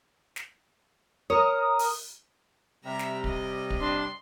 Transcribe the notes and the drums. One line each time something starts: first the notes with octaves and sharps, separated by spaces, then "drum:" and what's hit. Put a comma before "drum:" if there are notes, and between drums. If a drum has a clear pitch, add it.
drum: snare
A#4 C#5 D#6
drum: open hi-hat
C3 G3 E5 A#5
drum: snare
D#5, drum: kick
drum: kick
D4 C6